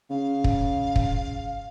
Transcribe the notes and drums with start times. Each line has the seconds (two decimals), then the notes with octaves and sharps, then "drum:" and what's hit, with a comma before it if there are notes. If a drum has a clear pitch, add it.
0.10 C#3 F5
0.44 drum: kick
0.96 drum: kick